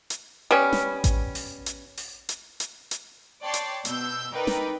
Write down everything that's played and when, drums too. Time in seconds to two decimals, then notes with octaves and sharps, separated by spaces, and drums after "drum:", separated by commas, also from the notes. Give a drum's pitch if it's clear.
0.10 drum: hi-hat
0.51 G3 B3 C#4
0.73 drum: snare
1.04 drum: kick A1, hi-hat
1.35 drum: open hi-hat
1.66 drum: hi-hat
1.97 drum: open hi-hat
2.29 drum: hi-hat
2.60 drum: hi-hat
2.91 drum: hi-hat
3.42 C#5 D5 G5 A5 C6
3.54 drum: hi-hat
3.85 B2 E6 G6, drum: hi-hat
4.34 D#4 A#4 B4 D5 G5
4.47 drum: snare